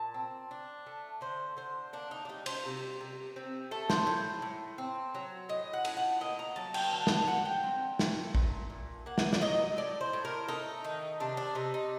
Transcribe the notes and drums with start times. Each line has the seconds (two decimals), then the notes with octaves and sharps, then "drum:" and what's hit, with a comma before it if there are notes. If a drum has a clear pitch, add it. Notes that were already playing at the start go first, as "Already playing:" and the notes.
Already playing: A#2 A5
0.14 C4
0.51 D4
0.86 A3
1.21 D3 C5
1.57 D3 C5
1.93 A#3 D4
2.11 D#4
2.25 D4
2.29 G3 D#4
2.46 C5, drum: cymbal
2.65 C3
3.01 C3
3.36 C4
3.71 A3 A4
3.90 C5, drum: snare
4.07 A2
4.42 A2
4.78 C4
5.15 F#3
5.49 A2 D#5
5.73 F#5
5.85 A2, drum: cymbal
5.97 F#5
6.21 A#3 D#5
6.39 A#5
6.56 F#3 A5
6.74 G5, drum: cymbal
6.92 D3 A5
7.07 drum: snare
7.28 D3 F#5
7.45 G5
7.63 C4
7.99 A3, drum: snare
8.35 A#2, drum: kick
8.70 A#2
9.06 A#3 F#5
9.18 drum: snare
9.33 D5, drum: snare
9.42 F#3 D#5
9.77 A2 D5
10.01 C5
10.13 A2
10.25 A#4
10.48 A3 D#4
10.84 D#3 D#4
11.20 C3 D4
11.37 D4
11.55 C3 D#4
11.74 D#4